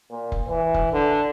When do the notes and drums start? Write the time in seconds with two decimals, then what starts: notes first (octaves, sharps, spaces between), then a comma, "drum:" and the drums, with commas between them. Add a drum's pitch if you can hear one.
0.11 A#2
0.32 drum: kick F1
0.48 E3
0.74 drum: kick F1
0.93 D3